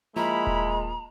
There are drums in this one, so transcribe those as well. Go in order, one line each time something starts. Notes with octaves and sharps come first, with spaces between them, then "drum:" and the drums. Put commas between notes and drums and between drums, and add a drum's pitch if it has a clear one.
F3 G#3 A#3 E4 F4 A#5 B5
drum: kick D#1